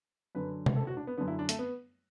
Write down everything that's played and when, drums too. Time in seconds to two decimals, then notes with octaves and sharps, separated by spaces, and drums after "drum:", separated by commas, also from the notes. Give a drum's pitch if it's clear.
0.35 F#2 D3 B4
0.66 drum: tom C3
0.76 A4
0.87 F#4
0.97 D4
1.07 B3
1.18 F#2 D3 B3
1.28 E4
1.39 D4
1.49 A3, drum: hi-hat
1.59 B3